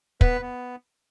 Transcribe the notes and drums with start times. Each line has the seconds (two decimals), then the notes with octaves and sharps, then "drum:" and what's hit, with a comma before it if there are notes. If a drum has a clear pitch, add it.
0.21 B3 B4, drum: kick
0.41 B3